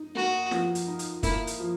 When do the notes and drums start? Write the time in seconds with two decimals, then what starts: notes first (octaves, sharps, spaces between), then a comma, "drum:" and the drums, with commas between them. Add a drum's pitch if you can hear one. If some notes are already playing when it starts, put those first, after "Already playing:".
Already playing: D#4
0.15 A#3 F#4
0.51 F3, drum: snare
0.75 drum: hi-hat
0.87 D#4
0.99 drum: hi-hat
1.23 A#3 E4, drum: kick, hi-hat
1.47 drum: hi-hat
1.60 F3